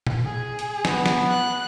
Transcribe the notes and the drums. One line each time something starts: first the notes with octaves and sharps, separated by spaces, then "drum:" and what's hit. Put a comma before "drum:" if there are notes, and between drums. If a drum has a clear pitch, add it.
drum: tom A#2
G#4
drum: hi-hat
B3, drum: snare
drum: snare
F#6